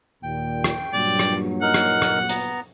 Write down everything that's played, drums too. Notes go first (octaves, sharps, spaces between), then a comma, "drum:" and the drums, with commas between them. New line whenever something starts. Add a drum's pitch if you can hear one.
D#2 A#2 G5
drum: rim click
G2 A#2 F#3 D5
drum: rim click
D#4 A#4 F#5
drum: rim click
drum: rim click
B3 A#5, drum: hi-hat